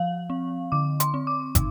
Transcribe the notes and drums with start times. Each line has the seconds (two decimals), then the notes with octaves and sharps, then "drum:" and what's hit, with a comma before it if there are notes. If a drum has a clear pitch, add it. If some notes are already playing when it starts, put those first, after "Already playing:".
Already playing: F3 F5
0.30 C4
0.72 D3 D6
1.00 C6, drum: hi-hat
1.14 C4
1.27 D6
1.55 D#4, drum: kick, hi-hat